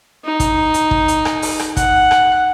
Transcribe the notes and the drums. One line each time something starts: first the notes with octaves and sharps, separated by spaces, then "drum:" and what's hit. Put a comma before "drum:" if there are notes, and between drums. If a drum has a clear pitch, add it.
D#4
drum: kick, hi-hat
drum: hi-hat
drum: kick
drum: hi-hat
drum: rim click
drum: open hi-hat
drum: rim click
F#5, drum: kick, hi-hat
drum: rim click